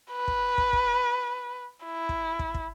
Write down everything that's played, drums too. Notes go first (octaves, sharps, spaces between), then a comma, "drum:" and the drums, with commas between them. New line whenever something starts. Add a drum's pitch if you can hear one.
B4
drum: kick
drum: kick
drum: kick
E4
drum: kick
drum: kick
drum: kick